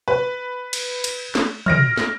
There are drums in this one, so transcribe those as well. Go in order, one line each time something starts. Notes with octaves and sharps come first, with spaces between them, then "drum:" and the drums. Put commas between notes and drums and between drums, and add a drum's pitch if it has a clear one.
B4
drum: cymbal
drum: cymbal
drum: snare
F6 A#6 D7, drum: tom
drum: snare